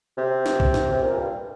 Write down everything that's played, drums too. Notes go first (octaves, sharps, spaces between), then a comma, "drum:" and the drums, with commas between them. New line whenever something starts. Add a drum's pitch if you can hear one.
C3
drum: snare
drum: kick
drum: snare
C3
A#2
G2